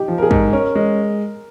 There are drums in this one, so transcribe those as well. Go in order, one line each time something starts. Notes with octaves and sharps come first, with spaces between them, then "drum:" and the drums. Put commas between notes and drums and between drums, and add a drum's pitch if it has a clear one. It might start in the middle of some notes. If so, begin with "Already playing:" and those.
Already playing: D#4 G4
F3
A#4
G#4
G#2, drum: kick
C#4 A#4
G#3